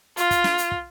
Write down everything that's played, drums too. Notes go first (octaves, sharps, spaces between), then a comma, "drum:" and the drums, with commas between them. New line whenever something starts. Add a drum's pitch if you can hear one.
F4, drum: hi-hat
drum: kick, hi-hat
drum: snare
drum: hi-hat
drum: kick